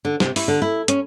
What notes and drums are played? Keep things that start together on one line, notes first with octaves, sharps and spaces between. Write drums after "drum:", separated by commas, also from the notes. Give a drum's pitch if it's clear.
D3
C3, drum: snare
E4, drum: open hi-hat
D3
E4
C#4, drum: hi-hat